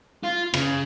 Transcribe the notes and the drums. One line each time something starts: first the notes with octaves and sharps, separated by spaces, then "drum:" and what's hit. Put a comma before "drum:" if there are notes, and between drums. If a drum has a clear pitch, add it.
F4
C#3, drum: rim click